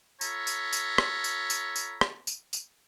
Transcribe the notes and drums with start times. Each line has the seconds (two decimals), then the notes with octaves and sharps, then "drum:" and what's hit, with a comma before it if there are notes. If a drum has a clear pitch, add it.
0.21 F4 A4 C#5 A#5 B5, drum: tambourine
0.47 drum: tambourine
0.73 drum: tambourine
0.98 drum: rim click
1.24 drum: tambourine
1.50 drum: tambourine
1.76 drum: tambourine
2.01 drum: rim click
2.27 drum: tambourine
2.53 drum: tambourine